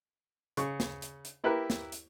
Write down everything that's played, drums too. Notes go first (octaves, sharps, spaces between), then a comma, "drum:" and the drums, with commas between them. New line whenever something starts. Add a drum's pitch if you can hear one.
C#3 C#6, drum: hi-hat
drum: snare
drum: hi-hat
drum: hi-hat
A#3 E4 G4 A#4 B4
drum: snare
drum: hi-hat